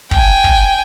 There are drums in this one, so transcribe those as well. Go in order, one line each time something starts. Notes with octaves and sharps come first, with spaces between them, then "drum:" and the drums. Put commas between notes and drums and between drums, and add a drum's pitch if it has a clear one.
G5 G#5, drum: kick
drum: kick